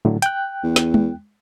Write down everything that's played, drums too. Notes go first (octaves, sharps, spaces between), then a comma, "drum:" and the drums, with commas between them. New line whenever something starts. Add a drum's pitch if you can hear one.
A2 D3 F#3
G5 F#6, drum: hi-hat
E2
drum: snare
drum: tom G#3